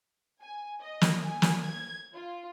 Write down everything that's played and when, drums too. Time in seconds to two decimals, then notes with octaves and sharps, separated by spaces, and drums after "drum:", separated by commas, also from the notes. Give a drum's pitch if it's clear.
0.40 G#5
0.80 D#5
1.01 drum: snare
1.22 G#5
1.42 drum: snare
1.66 G#6
2.14 F4